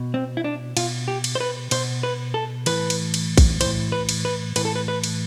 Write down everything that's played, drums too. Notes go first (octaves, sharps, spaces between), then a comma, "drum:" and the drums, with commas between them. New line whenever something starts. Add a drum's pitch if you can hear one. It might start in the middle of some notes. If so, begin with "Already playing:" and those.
Already playing: B2
C4
E4
D4
B2 F4, drum: cymbal
G4
drum: cymbal
C5
B4
B2 C5, drum: cymbal
B4
A4
A2 E3 B4, drum: cymbal
drum: cymbal
drum: cymbal
drum: kick, cymbal
A2 E3 C5, drum: cymbal
B4
drum: cymbal
B4
A2 E3 B4, drum: cymbal
A4
B4
B4
drum: cymbal